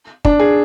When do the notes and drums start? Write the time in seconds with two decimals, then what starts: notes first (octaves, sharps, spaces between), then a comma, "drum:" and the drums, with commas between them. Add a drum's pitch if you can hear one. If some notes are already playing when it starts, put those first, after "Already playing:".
0.25 D4, drum: kick
0.39 G#4